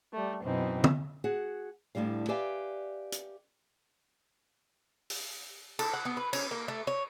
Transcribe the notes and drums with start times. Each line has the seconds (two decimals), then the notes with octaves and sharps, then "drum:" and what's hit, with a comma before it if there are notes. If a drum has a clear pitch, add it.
0.13 G3 A3
0.42 F#2 B2 E3 C4 D#4
0.84 drum: tom
1.24 F#4 G#4 F#5
1.95 D2 A2 D3 G3 F5
2.28 G4 B4 D5 E5 F5 G#5
3.12 drum: hi-hat
5.10 drum: open hi-hat
5.79 A4, drum: cymbal
5.94 F#5
6.05 B3
6.17 B4
6.33 C#4, drum: cymbal
6.51 A#3
6.68 A3
6.87 C#5